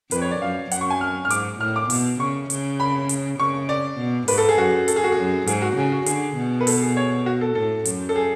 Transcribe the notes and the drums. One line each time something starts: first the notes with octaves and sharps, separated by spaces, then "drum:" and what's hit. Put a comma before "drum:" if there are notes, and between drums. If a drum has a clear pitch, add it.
F2 B4, drum: hi-hat
C#5
D5
F#2 F5
F#2 F#5, drum: hi-hat
C#6
G#5
F6
F6
G#2 D6, drum: hi-hat
A2 F6
D6
B2, drum: open hi-hat
C#3 C#6
C#3, drum: hi-hat
B5
drum: hi-hat
C#3 C#6
D5
B2
G#2 B4, drum: open hi-hat
A4
G#4
F#2 F#4
A4, drum: hi-hat
G#4
F#4
G#4
F#2
G#2 G#4, drum: hi-hat
F#4
C#3 G#4
F#4
D3 G#4, drum: hi-hat
B2
B4
A4, drum: open hi-hat
G#4
C#5
F#4
A4
A2 A4
F#2, drum: hi-hat
A4
G#4